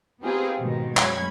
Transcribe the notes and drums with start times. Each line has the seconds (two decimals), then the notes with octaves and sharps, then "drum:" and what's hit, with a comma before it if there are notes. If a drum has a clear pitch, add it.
0.21 B3 C4 D#4 F4 G4 G#4
0.59 G#2 B2 D#3
0.97 F#2 G#3 C#4 B5 G#6, drum: clap